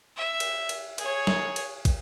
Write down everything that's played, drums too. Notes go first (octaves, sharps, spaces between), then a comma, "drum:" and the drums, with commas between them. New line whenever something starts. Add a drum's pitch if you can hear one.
E5
drum: cymbal
drum: cymbal
G#4 C#5, drum: cymbal
drum: snare
drum: cymbal
drum: kick, cymbal